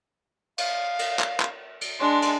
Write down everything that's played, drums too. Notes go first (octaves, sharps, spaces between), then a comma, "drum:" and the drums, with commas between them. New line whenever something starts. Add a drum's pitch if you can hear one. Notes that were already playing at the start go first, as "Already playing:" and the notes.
F5, drum: cymbal
drum: cymbal
drum: clap
drum: clap
drum: cymbal
G#3 D4 C6
drum: cymbal